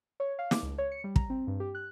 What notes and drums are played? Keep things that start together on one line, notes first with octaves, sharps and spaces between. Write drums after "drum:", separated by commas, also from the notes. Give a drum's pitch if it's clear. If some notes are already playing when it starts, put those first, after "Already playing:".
C#5
F5
D6, drum: snare
C#2
C#5
C#7
G3
A#5, drum: kick
C4
G2
G4
F#6